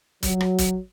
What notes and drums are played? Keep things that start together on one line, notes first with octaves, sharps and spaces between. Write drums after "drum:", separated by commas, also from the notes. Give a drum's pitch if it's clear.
F#3, drum: kick, hi-hat
drum: rim click
drum: kick, hi-hat